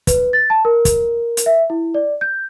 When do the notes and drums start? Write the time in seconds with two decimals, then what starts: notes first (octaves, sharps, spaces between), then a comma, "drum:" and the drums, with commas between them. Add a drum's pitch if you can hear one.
0.07 B4, drum: kick, hi-hat
0.33 A6
0.50 A5
0.65 A#4
0.85 drum: kick, hi-hat
1.37 drum: hi-hat
1.46 E5
1.70 E4
1.94 D5
2.21 G6